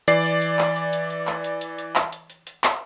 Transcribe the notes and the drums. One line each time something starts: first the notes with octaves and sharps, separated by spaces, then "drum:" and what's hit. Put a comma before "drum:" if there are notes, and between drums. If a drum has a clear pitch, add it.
E3 D5 C7, drum: hi-hat
drum: hi-hat
drum: hi-hat
drum: clap
drum: hi-hat
drum: hi-hat
drum: hi-hat
drum: clap
drum: hi-hat
drum: hi-hat
drum: hi-hat
drum: clap
drum: hi-hat
drum: hi-hat
drum: hi-hat
drum: clap